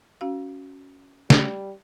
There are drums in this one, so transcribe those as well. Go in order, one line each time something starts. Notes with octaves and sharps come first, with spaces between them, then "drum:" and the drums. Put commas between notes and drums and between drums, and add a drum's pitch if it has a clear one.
C#4 F#4 F5
G3, drum: snare